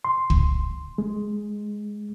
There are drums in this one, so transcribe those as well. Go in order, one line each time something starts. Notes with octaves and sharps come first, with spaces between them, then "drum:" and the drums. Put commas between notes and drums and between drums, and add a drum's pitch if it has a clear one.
C6
drum: kick
G#3